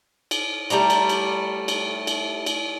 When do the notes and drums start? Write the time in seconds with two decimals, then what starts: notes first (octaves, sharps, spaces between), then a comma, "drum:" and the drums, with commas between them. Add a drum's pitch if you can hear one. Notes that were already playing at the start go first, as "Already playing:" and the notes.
0.31 drum: cymbal
0.70 G3 A3 D5 A#5, drum: cymbal
0.90 drum: cymbal
1.09 drum: cymbal
1.68 drum: cymbal
2.07 drum: cymbal
2.46 drum: cymbal